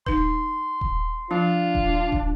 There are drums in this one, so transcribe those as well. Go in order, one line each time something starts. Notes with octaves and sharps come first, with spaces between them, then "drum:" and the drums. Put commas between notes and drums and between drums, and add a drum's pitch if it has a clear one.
D#4 B4 C6, drum: kick D#1
drum: kick D#1
F3 D4 F4
drum: kick D#1
drum: kick D#1